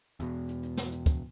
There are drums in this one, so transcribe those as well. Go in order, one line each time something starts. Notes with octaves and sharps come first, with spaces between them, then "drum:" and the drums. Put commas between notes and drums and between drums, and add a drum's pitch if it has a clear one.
E2 B2, drum: hi-hat
drum: hi-hat
drum: hi-hat
drum: snare
drum: hi-hat
drum: kick, hi-hat